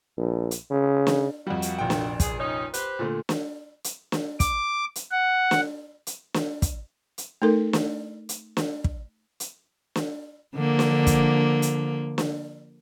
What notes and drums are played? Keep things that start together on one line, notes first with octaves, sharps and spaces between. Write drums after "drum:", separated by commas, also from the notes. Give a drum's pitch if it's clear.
A#1
drum: hi-hat
C#3
drum: snare
F2 G3 A#3 F#4
drum: hi-hat
F1 A#1 G5
drum: snare
G#4, drum: kick, hi-hat
C#4 D#4
G4 B4 C5, drum: hi-hat
A#2 D3 A3
drum: snare
drum: hi-hat
drum: snare
D6, drum: kick, hi-hat
drum: hi-hat
F#5
drum: snare
drum: hi-hat
drum: snare
drum: kick, hi-hat
drum: hi-hat
A3 D#4 A4 A#4
drum: snare
drum: hi-hat
drum: snare
drum: kick
drum: hi-hat
drum: snare
D3 F3 A#3
drum: snare
drum: kick, hi-hat
drum: hi-hat
drum: snare